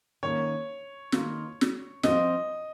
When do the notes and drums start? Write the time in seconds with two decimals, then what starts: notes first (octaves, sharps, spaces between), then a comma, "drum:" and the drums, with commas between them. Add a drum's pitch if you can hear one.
0.23 D#3 A#3 C#4 C#5
1.12 D#3 A#3 F4, drum: snare
1.61 drum: snare
2.03 F3 C4 F4 D#5, drum: snare